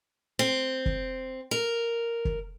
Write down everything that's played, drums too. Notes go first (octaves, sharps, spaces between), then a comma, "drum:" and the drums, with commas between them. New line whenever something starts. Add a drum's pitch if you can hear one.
C4
drum: kick
A#4
drum: kick